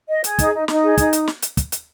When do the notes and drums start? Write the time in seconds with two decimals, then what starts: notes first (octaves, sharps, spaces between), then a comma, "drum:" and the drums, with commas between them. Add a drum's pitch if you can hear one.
0.09 D#5
0.24 G#4, drum: hi-hat
0.39 D#4, drum: kick, hi-hat
0.53 D#4
0.68 D#4, drum: snare
0.83 G#4
0.98 D#4, drum: kick, hi-hat
1.13 drum: hi-hat
1.28 drum: snare
1.42 drum: hi-hat
1.57 drum: kick, hi-hat
1.72 drum: hi-hat